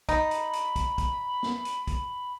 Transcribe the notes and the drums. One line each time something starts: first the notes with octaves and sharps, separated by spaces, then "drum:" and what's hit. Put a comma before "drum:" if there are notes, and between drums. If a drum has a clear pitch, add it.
D#4 B5, drum: kick, hi-hat
drum: hi-hat
drum: hi-hat
drum: kick, hi-hat
drum: kick, hi-hat
drum: snare
drum: hi-hat
drum: kick, hi-hat